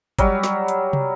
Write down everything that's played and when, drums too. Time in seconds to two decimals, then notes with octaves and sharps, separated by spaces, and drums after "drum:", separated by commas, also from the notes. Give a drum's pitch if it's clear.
0.19 F#3 G3, drum: kick G1, hi-hat
0.43 drum: snare
0.68 drum: hi-hat
0.93 drum: tom